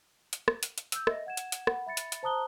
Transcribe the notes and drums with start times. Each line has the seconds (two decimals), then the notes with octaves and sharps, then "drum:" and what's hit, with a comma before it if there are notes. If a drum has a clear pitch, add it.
0.33 drum: hi-hat
0.48 drum: rim click
0.63 drum: hi-hat
0.78 drum: hi-hat
0.92 E6 G6, drum: hi-hat
1.07 D#5 E5 A#6, drum: rim click
1.26 F#5 G#6 E7
1.37 drum: hi-hat
1.52 drum: hi-hat
1.67 F#5 B5, drum: rim click
1.87 E5 B5 A6 C#7
1.97 drum: hi-hat
2.12 drum: hi-hat
2.23 C5 A5 A#5 D#6 F#6 G7